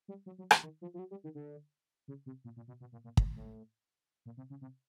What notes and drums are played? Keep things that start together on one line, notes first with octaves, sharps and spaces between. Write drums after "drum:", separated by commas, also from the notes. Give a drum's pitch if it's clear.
G3
F#3
F#3
E3, drum: rim click
D#3
F3
F3
F#3
G3
D#3
D3
C#3
C3
A#2
A#2
B2
B2
A#2
A#2
A2, drum: kick
A2
A#2
C3
C#3
C3